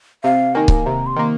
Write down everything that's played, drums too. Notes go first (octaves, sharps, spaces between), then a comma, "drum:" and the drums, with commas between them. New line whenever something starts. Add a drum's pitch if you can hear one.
C3 F5
D#3 A#3 G#5
drum: kick C#1
C3 A#5
C6
D#3 A#3